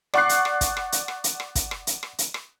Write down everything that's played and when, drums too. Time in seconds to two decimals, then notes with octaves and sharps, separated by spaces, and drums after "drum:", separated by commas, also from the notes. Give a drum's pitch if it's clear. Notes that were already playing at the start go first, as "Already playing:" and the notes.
0.14 D5 F#5 C#6 D6 F#6 C7, drum: rim click
0.29 drum: hi-hat
0.45 drum: rim click
0.61 drum: kick, hi-hat
0.77 drum: rim click
0.92 drum: hi-hat
1.08 drum: rim click
1.24 drum: hi-hat
1.40 drum: rim click
1.55 drum: kick, hi-hat
1.71 drum: rim click
1.87 drum: hi-hat
2.03 drum: rim click
2.18 drum: hi-hat
2.34 drum: rim click